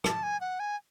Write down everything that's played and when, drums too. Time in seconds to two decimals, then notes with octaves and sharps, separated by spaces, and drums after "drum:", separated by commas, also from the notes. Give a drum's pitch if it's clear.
0.04 A5, drum: rim click
0.23 G#5
0.41 F#5
0.60 G#5